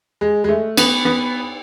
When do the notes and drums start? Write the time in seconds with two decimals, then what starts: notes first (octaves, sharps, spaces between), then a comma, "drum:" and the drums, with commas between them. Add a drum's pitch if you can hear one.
0.21 G#3
0.44 G#3
0.49 A3
0.77 B3, drum: cymbal
1.05 B3